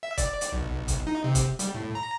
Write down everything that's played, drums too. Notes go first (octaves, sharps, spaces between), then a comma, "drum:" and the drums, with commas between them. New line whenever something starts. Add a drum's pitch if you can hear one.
E5
D5, drum: kick, hi-hat
drum: hi-hat
B1
drum: kick, hi-hat
D#4
C3
drum: kick, hi-hat
G3, drum: hi-hat
A2
A#5